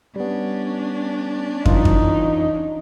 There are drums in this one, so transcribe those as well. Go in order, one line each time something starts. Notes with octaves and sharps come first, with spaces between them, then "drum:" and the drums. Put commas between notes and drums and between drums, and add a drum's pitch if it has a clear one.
G3 B3 C#4 D4
E3 D#4 F4, drum: kick
drum: kick